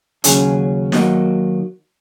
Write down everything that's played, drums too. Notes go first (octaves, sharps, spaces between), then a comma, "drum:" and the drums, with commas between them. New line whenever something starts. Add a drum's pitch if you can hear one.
D#2 C#3 F#3 C#4 G#4, drum: hi-hat
D#3 F#3 A#3 F#4 D#5, drum: snare